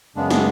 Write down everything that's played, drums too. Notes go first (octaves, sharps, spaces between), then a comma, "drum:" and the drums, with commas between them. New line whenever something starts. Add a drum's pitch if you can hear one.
F#2 C#3 G#3 B3 D4
D4, drum: snare